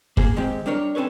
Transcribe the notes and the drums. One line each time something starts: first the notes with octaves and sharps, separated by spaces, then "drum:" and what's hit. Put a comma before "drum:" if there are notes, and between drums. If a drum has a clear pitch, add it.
A#3 G#4, drum: kick
D#3 G#3 C4 G4
G3 D4 A#4 C#5
C4 C#4 A4 B4 C#5